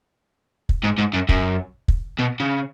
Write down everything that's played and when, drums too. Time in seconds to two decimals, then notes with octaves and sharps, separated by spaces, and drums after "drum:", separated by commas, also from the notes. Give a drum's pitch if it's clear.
0.69 drum: kick
0.84 G#2
0.98 G#2
1.14 F#2
1.29 F#2, drum: kick
1.88 drum: kick
2.19 B2
2.40 C#3